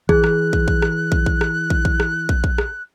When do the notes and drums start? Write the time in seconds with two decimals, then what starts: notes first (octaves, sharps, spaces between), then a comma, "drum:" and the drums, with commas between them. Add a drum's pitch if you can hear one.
0.09 E3 G#4 F#6, drum: kick
0.24 drum: rim click
0.53 drum: kick
0.68 drum: kick
0.82 drum: rim click
1.12 drum: kick
1.26 drum: kick
1.41 drum: rim click
1.70 drum: kick
1.85 drum: kick
2.00 drum: rim click
2.29 drum: kick
2.44 drum: kick
2.58 drum: rim click